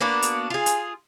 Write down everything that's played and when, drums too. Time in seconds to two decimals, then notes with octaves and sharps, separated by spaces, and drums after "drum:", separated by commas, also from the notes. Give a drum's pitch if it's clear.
0.01 A#3 B3 D4 F#4
0.22 drum: hi-hat
0.50 F4 G#4
0.66 drum: hi-hat